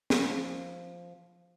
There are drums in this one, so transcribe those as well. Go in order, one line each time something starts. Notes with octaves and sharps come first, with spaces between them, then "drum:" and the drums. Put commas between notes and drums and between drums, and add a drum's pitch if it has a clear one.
F3, drum: snare